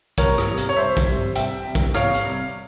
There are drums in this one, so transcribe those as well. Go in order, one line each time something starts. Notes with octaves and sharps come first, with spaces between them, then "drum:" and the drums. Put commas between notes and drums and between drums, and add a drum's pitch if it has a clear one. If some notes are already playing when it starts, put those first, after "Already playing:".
C2 A#4 C#5, drum: kick, hi-hat
drum: rim click
C3 G3
drum: hi-hat
C#5
C2 C5 E5
drum: kick, hi-hat
C3 G3
C2 E5 G5, drum: hi-hat
C3 G3
drum: kick, hi-hat
C2 C#5 F5, drum: rim click
drum: hi-hat
C3 G3